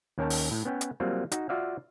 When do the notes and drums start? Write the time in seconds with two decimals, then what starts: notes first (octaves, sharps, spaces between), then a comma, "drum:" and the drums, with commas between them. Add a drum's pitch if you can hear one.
0.18 D#2 C#4 A#4 C#5 G5 A5
0.30 drum: open hi-hat
0.51 A2
0.65 B3 C#4 C#5 G5
0.81 drum: hi-hat
1.00 F#3 G3 A#3 C4 F4
1.32 D#4 F#4, drum: hi-hat
1.49 F4 F#4 D5 E5 F5